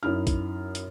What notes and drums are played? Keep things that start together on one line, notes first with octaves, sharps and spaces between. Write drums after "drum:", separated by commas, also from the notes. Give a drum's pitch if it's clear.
F#2 D#4 E4 F6
drum: kick, hi-hat
drum: hi-hat